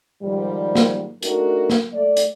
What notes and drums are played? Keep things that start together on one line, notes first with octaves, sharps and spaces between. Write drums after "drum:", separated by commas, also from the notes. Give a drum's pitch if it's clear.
G#2 D#3 F3 G3
drum: snare A#3
A3 D4 D#4 F#4 A#4, drum: hi-hat
drum: snare A#3
A3 D5
drum: hi-hat